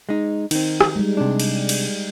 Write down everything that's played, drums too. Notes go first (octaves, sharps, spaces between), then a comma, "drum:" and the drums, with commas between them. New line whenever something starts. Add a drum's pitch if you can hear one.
G#3 D#4
D#3 C4 D#4, drum: cymbal
drum: rim click
G3 G#3
C3 D4
drum: cymbal
drum: cymbal